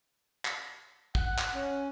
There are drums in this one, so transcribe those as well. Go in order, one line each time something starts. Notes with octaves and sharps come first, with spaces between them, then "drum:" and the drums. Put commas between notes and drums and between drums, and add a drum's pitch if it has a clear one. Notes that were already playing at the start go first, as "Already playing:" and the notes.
drum: clap
F#5, drum: kick
drum: clap
C#4